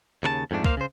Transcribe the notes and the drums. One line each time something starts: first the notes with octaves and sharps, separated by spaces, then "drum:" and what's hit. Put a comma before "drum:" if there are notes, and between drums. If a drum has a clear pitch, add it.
D#2 C#3 A#4 A5
F2 G#2 A3 D4
A#3 C5 F5, drum: kick
C#3 C5